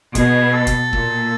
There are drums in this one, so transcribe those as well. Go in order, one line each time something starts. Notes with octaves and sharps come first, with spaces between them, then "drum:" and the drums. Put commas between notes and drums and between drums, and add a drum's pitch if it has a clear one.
B2 G#4, drum: kick, hi-hat
A4
drum: kick, hi-hat
A#2, drum: kick